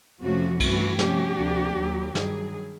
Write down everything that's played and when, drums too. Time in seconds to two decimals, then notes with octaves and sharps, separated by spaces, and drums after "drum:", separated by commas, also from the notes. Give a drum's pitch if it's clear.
0.21 F2 C3 F3 A3 C#4 F#4
0.60 G2 E3 A3 F#4, drum: kick B1, cymbal
0.99 C3 F3 A3 C#4 G4, drum: snare
1.37 D2 C3 F3 A#3 D4
1.76 D#2 D#3 F#3
2.15 G2 D#3 F#3 G#4, drum: snare